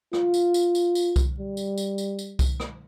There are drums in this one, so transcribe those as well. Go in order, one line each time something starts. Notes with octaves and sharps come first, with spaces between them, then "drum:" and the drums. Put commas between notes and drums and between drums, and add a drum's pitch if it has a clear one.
F4, drum: rim click
drum: tambourine
drum: tambourine
drum: tambourine
drum: tambourine
drum: kick C2, tambourine
G3
drum: tambourine
drum: tambourine
drum: tambourine
drum: tambourine
drum: kick C2, tambourine
drum: rim click